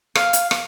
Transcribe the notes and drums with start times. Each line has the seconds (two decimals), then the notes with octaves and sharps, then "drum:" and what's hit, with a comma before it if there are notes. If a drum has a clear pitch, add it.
0.15 F5, drum: rim click
0.33 drum: hi-hat
0.51 drum: rim click